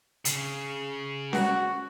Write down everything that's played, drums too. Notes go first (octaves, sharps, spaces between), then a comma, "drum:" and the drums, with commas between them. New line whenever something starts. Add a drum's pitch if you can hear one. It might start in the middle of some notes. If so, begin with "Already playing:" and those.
C#3, drum: hi-hat
F#4, drum: snare C#4